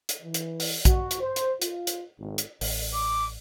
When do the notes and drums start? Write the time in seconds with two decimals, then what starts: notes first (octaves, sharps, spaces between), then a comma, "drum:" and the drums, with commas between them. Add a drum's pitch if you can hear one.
0.09 drum: hi-hat
0.22 E3
0.34 drum: hi-hat
0.60 drum: open hi-hat
0.85 F#4, drum: kick A#1, hi-hat
1.11 drum: hi-hat
1.21 C5
1.36 drum: hi-hat
1.62 F4, drum: hi-hat
1.87 drum: hi-hat
2.19 G#1
2.38 drum: hi-hat
2.61 A1, drum: open hi-hat
2.94 D6